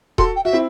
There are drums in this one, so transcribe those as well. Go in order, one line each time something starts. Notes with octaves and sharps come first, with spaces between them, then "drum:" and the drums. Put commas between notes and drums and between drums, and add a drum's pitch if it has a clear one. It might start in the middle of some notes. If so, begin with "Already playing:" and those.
F#4 A4 C6, drum: kick D#1
G5
F#4 E5
C4 E4